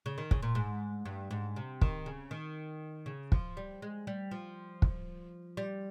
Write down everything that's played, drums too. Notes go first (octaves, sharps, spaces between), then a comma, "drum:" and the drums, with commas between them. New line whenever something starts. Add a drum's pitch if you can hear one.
C#3
D#3
C#3, drum: kick
A#2
G#2
G2
G#2
C3
D#3, drum: kick
C#3
D#3
C#3
F3, drum: kick
G3
G#3
G3
F3
drum: kick
G3